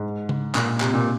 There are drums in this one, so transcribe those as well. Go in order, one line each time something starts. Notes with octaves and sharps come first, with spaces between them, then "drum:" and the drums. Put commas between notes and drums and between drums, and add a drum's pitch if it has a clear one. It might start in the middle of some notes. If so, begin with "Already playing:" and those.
Already playing: G#2
drum: tom C#3
A#2, drum: clap
C3, drum: clap
A#2